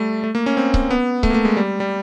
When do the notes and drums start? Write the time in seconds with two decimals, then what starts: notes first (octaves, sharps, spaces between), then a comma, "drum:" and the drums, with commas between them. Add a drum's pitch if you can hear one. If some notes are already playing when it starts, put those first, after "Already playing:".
Already playing: G3 A3
0.24 A3
0.35 A#3
0.46 C#4
0.57 C4
0.74 drum: kick C#1
0.91 B3
1.23 A3, drum: kick C#1
1.30 A#3
1.34 A3
1.45 G#3
1.57 G3
1.80 G3